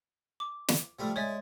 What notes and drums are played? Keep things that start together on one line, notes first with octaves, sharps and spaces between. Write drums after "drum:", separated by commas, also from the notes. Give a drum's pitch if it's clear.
D6
drum: snare
F3 G3 A3
G#3 C#5 D5 E5